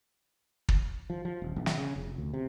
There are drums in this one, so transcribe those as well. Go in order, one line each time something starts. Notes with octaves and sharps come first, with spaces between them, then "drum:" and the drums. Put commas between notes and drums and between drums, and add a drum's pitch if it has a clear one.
drum: kick
F3
F3
D#1
A#1
drum: snare
C#3
F1
D2
C3